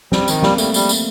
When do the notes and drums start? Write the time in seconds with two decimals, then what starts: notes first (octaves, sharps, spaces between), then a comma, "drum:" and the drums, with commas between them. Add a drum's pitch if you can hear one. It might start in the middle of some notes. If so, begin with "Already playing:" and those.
0.12 G3 C4, drum: snare
0.28 D#3, drum: tambourine
0.42 G3 A#3, drum: snare
0.58 G3 A3, drum: tambourine
0.74 G3, drum: tambourine
0.89 drum: tambourine